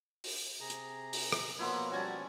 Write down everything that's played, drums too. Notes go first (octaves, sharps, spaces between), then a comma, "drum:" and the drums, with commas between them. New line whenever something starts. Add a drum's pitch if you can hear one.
drum: open hi-hat
C3 G#4 A#5
drum: hi-hat
drum: open hi-hat
drum: rim click
B2 F3 F#3 A#3 B3 E4 C6
G3 C#4 F#4 G#5 A5